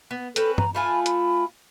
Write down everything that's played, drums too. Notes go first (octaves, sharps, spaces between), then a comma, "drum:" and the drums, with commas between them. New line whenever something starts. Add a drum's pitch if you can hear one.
B3
C4 C#4 A4 B4, drum: hi-hat
A#5, drum: tom
A3 F4 G#5 B5
B5, drum: hi-hat